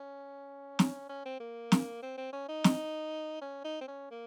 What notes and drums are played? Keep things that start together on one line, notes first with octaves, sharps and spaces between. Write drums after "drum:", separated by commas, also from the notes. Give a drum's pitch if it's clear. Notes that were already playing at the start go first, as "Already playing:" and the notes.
Already playing: C#4
drum: snare
C#4
C4
A#3
drum: snare
C4
C4
C#4
D#4
drum: snare
C#4
D#4
C4
C#4
A#3